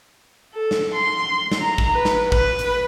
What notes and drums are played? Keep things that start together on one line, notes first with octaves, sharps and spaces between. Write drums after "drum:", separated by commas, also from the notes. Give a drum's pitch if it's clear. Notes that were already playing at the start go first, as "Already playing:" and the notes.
A4
drum: snare
C6
drum: snare
A#5
drum: kick
B4
drum: snare
B4, drum: kick
drum: hi-hat